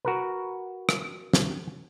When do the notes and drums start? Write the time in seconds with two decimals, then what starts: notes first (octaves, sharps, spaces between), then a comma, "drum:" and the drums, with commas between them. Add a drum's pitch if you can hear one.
0.05 F#4 A#4 B4
0.89 drum: rim click
1.33 drum: snare